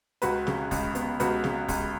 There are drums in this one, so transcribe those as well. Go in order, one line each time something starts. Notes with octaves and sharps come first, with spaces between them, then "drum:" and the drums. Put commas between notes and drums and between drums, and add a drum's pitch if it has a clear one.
C#2 F#4 B4, drum: hi-hat
C#3, drum: snare
C#2, drum: kick, open hi-hat
B3, drum: hi-hat
C#2 F#4 B4, drum: hi-hat
C#3, drum: snare
C#2, drum: kick, open hi-hat